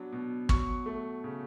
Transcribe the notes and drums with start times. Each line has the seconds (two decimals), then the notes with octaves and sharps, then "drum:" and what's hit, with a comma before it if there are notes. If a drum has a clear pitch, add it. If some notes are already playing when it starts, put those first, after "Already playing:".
Already playing: F#3 B3 D4
0.12 B2
0.49 F#3 C#6, drum: kick
0.86 A3
1.24 C#3